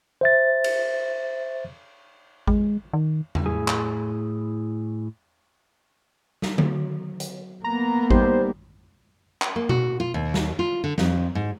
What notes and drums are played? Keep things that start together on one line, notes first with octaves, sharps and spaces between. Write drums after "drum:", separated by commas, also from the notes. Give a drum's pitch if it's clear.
C5 E5 A6
drum: cymbal
G#3, drum: kick A1
D#3
drum: tom E2
A2 E4 G#4 G#5
drum: clap
drum: snare
F#3, drum: tom D3
drum: hi-hat
A#3 B3 A#5
G3 D#4 G4 C5, drum: kick A1
drum: clap
A#3
F#4, drum: tom B2
F4
D#2
drum: snare
F4
D3
F2, drum: snare
G#2